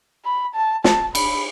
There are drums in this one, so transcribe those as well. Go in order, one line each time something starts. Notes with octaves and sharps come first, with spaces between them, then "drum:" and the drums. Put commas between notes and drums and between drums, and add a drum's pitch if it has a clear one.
B5
A5
A5, drum: snare
B5, drum: cymbal